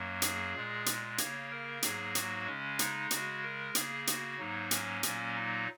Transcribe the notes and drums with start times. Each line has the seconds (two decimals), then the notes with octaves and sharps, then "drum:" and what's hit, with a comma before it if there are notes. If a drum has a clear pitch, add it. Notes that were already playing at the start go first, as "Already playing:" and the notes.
Already playing: F#2 F#3 A#3
0.22 G#4, drum: hi-hat
0.55 A#2 G#3
0.86 drum: hi-hat
1.18 C#3 A#3 C#5, drum: hi-hat
1.51 A#4
1.83 G#2 F#3 A#3 G#4, drum: hi-hat
2.15 F#4, drum: hi-hat
2.46 C#3 G#3 C#4
2.79 D#4, drum: hi-hat
3.11 C#3 G#3 F#4, drum: hi-hat
3.43 A#4
3.75 C#3 A#3 G#4, drum: hi-hat
4.07 F#4, drum: hi-hat
4.39 G#2 F#3 A#3 D#4
4.71 C#4, drum: hi-hat
5.03 A#2 F#3 A#3, drum: hi-hat
5.36 D#4